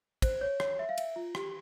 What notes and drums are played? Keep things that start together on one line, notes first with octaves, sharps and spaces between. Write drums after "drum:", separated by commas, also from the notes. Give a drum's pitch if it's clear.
C5, drum: kick, cymbal
C#5
C#5, drum: rim click
E5
F5
E5, drum: cymbal
F4
G4, drum: rim click